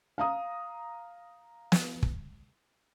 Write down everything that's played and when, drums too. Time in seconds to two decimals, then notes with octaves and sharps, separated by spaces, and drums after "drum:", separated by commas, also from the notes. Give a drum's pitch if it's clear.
0.18 F5 A#5 D#6
1.72 drum: snare
2.03 drum: kick